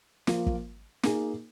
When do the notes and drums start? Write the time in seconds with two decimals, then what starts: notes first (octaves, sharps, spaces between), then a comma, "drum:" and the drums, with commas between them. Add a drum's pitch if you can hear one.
0.27 F3 A#3 F4, drum: snare
0.46 drum: kick
1.03 A#3 D#4 G#4, drum: snare